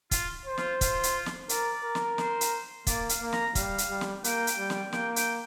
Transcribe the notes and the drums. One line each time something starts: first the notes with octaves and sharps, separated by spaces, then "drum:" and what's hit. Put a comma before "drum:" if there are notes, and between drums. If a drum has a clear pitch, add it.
F4, drum: kick, hi-hat
C5
F4, drum: snare
F4, drum: kick, hi-hat
drum: hi-hat
drum: snare
A#4 D5, drum: hi-hat
A#4
drum: snare
C5, drum: snare
drum: hi-hat
A#3 D5, drum: kick, hi-hat
F5, drum: hi-hat
A#3
A#5, drum: snare
G3 F5, drum: kick, hi-hat
drum: hi-hat
G3
drum: snare
A#3 G5, drum: hi-hat
drum: hi-hat
G3
drum: snare
A#3 G5, drum: snare
G5, drum: hi-hat